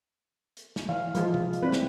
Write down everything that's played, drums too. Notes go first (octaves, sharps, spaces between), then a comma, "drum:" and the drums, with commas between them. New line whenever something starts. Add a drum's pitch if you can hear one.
drum: hi-hat
drum: snare
E3 F5
F3 G#3 F4, drum: hi-hat
drum: tom
drum: hi-hat
C4 E4 B4 D5
drum: snare